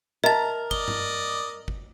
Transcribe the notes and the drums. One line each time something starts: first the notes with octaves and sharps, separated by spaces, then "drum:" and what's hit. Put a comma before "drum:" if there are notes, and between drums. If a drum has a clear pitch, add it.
A#4 D#5 E5 A5 A#5 A6
D5 D#5 G7, drum: kick
drum: tom G2
drum: kick